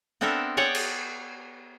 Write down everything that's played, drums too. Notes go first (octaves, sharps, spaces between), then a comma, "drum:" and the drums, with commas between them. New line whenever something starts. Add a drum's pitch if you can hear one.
B3 C4 D4 A4 A#4 E5
G#4 C#5 D5 F#5 G5
drum: cymbal